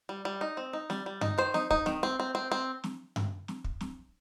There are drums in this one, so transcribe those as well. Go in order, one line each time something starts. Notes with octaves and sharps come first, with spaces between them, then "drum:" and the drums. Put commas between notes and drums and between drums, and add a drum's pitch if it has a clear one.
G3
G3
D#4
C4
D#4
G3, drum: snare
G3
D#4, drum: tom G2
D#3 C5
D#4, drum: snare
D#4, drum: kick
D#3, drum: snare
C4
C4
C4
C4
drum: snare
drum: tom G2
drum: snare
drum: kick
drum: snare